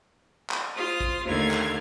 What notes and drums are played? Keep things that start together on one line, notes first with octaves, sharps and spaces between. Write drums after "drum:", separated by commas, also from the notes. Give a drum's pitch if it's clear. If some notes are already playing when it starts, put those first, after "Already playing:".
drum: clap
F4 C5 D#6
drum: kick A1
D#2 D3 A3 F5 G#6
drum: clap